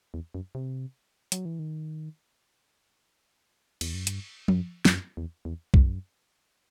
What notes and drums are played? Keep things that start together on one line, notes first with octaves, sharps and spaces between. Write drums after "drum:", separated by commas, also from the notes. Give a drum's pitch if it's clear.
E2
F#2
C3
F#3, drum: hi-hat
E3
D#3
E2, drum: cymbal
F#2
G2, drum: hi-hat
F#2, drum: tom F3
E2, drum: snare
F#2
E2
E2
F#2, drum: kick